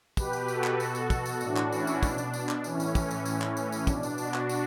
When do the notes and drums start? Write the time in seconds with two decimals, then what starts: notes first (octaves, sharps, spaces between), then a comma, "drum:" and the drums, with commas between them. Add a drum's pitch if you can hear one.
0.17 B2 G4 B4, drum: kick, tambourine
0.33 drum: tambourine
0.48 F#4 A4, drum: tambourine
0.64 drum: clap
0.80 B2, drum: tambourine
0.95 drum: tambourine
1.10 drum: kick, tambourine
1.26 drum: tambourine
1.41 A2 E3 D4 F#4, drum: tambourine
1.56 drum: clap
1.72 C#4 E4, drum: tambourine
1.87 drum: tambourine
2.03 B2 D4, drum: kick, tambourine
2.18 drum: tambourine
2.34 drum: tambourine
2.49 drum: clap
2.64 A2 E3 C#4, drum: tambourine
2.80 drum: tambourine
2.95 drum: kick, tambourine
3.11 drum: tambourine
3.25 A2 E3, drum: tambourine
3.41 drum: clap
3.57 C#4, drum: tambourine
3.72 drum: tambourine
3.87 B2 D4, drum: kick, tambourine
4.03 drum: tambourine
4.18 D4 F#4, drum: tambourine
4.34 drum: clap
4.49 drum: tambourine